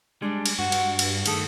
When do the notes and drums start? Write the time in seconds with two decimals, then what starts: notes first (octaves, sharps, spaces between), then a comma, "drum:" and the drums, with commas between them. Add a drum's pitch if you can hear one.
0.22 G3 G#3 D4
0.46 drum: cymbal
0.59 G2 F#4 F#5
0.72 drum: cymbal
0.99 drum: cymbal
1.26 D#3 A3 G#4 A4, drum: cymbal